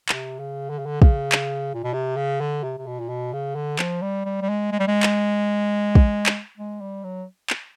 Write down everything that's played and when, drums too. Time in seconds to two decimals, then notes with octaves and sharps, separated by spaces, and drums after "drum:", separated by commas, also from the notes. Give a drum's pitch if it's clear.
0.09 C3, drum: clap
0.39 C#3
0.70 D3
0.79 C#3
0.86 D3
1.02 C#3, drum: kick
1.32 drum: clap
1.74 A#2
1.84 B2
1.94 C3
2.17 C#3
2.40 D3
2.63 C3
2.78 C3
2.87 B2
3.00 A#2
3.09 B2
3.33 C#3
3.56 D3
3.79 F3, drum: clap
4.02 G3
4.25 G3
4.42 G3
4.49 G#3
4.72 G#3
4.80 G3
4.87 G#3
5.03 drum: clap
5.95 drum: kick
6.26 drum: clap
6.58 G#3
6.81 G3
7.04 F#3
7.50 drum: clap